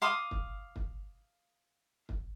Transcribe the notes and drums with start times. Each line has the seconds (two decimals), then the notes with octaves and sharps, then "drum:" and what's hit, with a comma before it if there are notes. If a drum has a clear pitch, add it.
0.02 F5 C6 D6 D#6
0.31 drum: kick
0.76 drum: kick
2.09 drum: kick